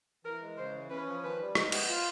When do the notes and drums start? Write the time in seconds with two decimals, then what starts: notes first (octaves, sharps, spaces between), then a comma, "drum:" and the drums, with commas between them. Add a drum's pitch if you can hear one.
0.25 E3 A#4
0.41 G#3
0.57 C#3 C5
0.73 E3
0.90 C#4 B4
1.06 F3
1.23 D#3 B4
1.40 G3
1.55 G#3, drum: rim click
1.72 B3, drum: cymbal
1.89 F4